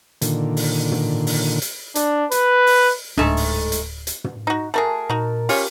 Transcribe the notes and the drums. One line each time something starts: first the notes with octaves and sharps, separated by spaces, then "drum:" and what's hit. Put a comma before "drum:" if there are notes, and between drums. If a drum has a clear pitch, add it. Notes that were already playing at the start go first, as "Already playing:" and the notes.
A#2 D3 D#3, drum: hi-hat
drum: open hi-hat
drum: tom
drum: open hi-hat
drum: hi-hat
D4, drum: hi-hat
B4, drum: hi-hat
drum: open hi-hat
D1 G#2 A3 D4
drum: open hi-hat
drum: hi-hat
drum: hi-hat
drum: tom
D#4 F#4
A3 F#4 G#4 A#4 A5
A#2 D#4 F#4
C#4 F4 G4, drum: open hi-hat